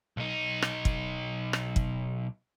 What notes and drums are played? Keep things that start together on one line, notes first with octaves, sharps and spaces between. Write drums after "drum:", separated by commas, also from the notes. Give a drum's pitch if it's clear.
B1 D#4
drum: rim click
drum: kick
drum: rim click
drum: kick